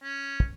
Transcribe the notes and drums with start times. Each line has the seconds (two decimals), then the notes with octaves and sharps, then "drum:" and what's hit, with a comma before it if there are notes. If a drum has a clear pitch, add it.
0.03 C#4
0.40 drum: kick